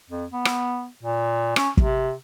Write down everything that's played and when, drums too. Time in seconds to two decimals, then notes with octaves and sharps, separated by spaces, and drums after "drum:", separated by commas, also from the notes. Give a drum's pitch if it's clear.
0.10 F2
0.31 B3
0.45 drum: rim click
1.03 A#2
1.56 C#4, drum: rim click
1.77 C3, drum: kick